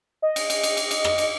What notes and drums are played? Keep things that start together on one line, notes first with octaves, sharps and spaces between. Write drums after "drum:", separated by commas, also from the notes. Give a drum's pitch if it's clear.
D#5
drum: cymbal
drum: cymbal
drum: cymbal
drum: cymbal
drum: cymbal
drum: rim click
drum: cymbal